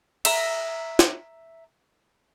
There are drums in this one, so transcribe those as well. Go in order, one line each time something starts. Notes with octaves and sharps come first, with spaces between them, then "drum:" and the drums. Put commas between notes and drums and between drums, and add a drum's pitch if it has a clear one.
E5 A#5, drum: cymbal
drum: snare